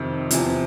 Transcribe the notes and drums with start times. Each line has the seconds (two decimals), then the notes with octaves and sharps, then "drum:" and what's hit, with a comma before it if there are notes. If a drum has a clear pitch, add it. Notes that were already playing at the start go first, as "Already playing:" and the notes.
Already playing: F2 C3 D#3
0.31 E2 C3 F3, drum: hi-hat